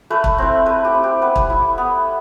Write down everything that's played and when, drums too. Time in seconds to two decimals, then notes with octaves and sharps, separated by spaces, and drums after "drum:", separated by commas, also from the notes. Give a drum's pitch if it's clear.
0.10 A3 B4
0.24 drum: kick
0.38 C4 E4
0.66 A3 B4
0.85 G4
0.94 C4 E4
1.03 G4
1.22 B3 B4
1.36 drum: kick
1.50 E4
1.78 B3